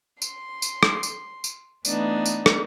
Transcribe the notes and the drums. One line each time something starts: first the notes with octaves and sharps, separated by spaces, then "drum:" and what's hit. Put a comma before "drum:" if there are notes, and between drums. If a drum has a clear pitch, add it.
C6, drum: tambourine
drum: tambourine
drum: rim click
drum: tambourine
drum: tambourine
E3 A3 B3 D4 D#4, drum: tambourine
drum: tambourine
drum: rim click